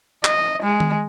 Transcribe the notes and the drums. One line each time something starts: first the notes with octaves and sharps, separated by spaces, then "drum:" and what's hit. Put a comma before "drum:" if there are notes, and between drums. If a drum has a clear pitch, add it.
D#5, drum: clap
G#3
drum: tom D#3